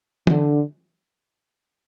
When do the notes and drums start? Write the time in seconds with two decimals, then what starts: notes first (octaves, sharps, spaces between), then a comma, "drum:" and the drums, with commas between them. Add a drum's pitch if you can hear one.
0.27 D3, drum: tom